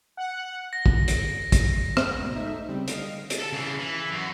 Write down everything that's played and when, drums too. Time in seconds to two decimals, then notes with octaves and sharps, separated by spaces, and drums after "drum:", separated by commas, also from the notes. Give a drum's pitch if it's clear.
0.17 F#5
0.73 A#6
0.86 drum: kick
1.08 drum: hi-hat
1.52 drum: kick, hi-hat
1.97 drum: rim click
2.20 D2 G#2 B2
2.35 A3 D#4 E5
2.69 C#3 G3 C4
2.88 D3 D#5 F5, drum: hi-hat
3.30 drum: hi-hat
3.39 A4 A5
3.52 C#3 E3
3.79 E3
4.11 F#2 F#4